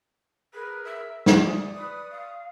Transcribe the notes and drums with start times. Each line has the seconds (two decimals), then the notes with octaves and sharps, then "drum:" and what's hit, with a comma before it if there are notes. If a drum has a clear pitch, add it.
0.53 G#4 A#4 B4
0.84 E5
1.26 D5 C#6 D#6, drum: snare
1.75 B4
2.10 F5